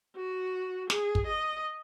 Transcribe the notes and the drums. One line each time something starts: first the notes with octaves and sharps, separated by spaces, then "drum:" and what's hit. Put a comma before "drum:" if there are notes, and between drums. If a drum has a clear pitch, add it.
F#4
G#4, drum: snare
drum: kick
D#5